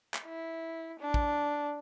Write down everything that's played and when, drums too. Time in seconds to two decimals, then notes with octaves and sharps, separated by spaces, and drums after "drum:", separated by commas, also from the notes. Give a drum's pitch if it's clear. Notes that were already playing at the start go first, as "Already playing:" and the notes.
0.14 drum: clap
0.25 E4
0.99 D4
1.14 drum: kick